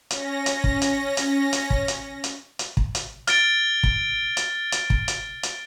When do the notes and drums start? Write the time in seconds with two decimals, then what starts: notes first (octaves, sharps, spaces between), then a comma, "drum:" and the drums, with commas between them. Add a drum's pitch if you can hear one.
0.11 C#4 A#6, drum: hi-hat
0.46 drum: hi-hat
0.64 drum: kick
0.82 drum: hi-hat
1.17 drum: hi-hat
1.53 drum: hi-hat
1.70 drum: kick
1.88 drum: hi-hat
2.24 drum: hi-hat
2.59 drum: hi-hat
2.77 drum: kick
2.95 drum: hi-hat
3.27 F6 A6 D7, drum: hi-hat
3.83 drum: kick
4.37 drum: hi-hat
4.72 drum: hi-hat
4.90 drum: kick
5.08 drum: hi-hat
5.43 drum: hi-hat